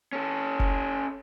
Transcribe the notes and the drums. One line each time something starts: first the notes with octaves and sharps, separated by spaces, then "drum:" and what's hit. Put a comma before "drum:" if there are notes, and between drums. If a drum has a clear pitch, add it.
C#4 A4
drum: kick F1